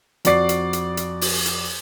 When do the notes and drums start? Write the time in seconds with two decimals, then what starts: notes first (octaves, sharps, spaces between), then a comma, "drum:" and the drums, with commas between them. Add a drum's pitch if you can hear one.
0.25 F2 F#4 D5 C7, drum: hi-hat
0.49 drum: hi-hat
0.73 drum: hi-hat
0.97 drum: hi-hat
1.21 drum: open hi-hat
1.46 drum: hi-hat